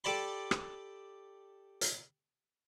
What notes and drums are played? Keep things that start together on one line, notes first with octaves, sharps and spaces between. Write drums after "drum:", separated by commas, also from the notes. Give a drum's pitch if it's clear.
G4 A4 D5 A5 B5 C6
drum: rim click
drum: hi-hat